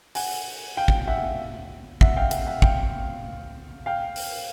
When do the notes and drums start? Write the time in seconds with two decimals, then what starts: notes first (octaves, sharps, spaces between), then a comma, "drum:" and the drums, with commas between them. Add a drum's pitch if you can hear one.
0.15 F#5 G#5, drum: open hi-hat
0.77 F5 G5
0.88 drum: kick
1.07 E5 F#5
2.01 E5 F#5, drum: kick
2.17 F5 G5
2.31 E5 F#5, drum: hi-hat
2.47 E5 F#5
2.62 F5 G5, drum: kick
3.86 F5 G5
4.16 drum: open hi-hat